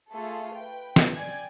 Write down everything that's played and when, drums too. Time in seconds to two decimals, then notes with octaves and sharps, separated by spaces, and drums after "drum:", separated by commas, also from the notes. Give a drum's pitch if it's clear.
0.11 A3 F4 G#4 A4
0.56 B4 G5
0.96 drum: snare
1.14 D5 G5 G#5 G#6